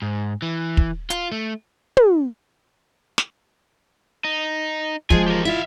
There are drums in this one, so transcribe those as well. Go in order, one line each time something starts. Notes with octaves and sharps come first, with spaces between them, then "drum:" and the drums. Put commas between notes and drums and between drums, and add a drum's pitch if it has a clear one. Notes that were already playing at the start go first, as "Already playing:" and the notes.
G#2
E3
drum: kick
F4, drum: hi-hat
A3
drum: tom
drum: snare
D#4
F3 G#3 G#4 G#5, drum: kick
G4 A#4
E4 F4 E5 F5